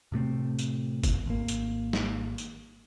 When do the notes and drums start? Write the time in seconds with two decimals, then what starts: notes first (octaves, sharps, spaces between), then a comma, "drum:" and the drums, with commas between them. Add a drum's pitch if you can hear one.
0.12 A2 C3 A3 C4
0.59 drum: tambourine
1.03 drum: kick, tambourine
1.26 G#1 A#3
1.48 drum: tambourine
1.93 drum: snare
2.38 drum: tambourine